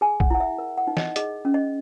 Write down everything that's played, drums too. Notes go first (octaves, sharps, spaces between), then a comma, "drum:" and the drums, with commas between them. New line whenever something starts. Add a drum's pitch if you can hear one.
G#4 G#5
F#5, drum: kick
E4 F#5
E5
A#4
F#5
D#4
D#5, drum: snare
G#4 D#5, drum: hi-hat
C#4
D#5